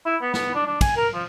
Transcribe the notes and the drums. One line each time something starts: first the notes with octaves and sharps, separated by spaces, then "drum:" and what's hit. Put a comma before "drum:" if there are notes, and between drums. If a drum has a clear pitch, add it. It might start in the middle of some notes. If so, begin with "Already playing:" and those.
E4
B3
B3, drum: snare
D4
D4
G#5, drum: kick, cymbal
A#4
F3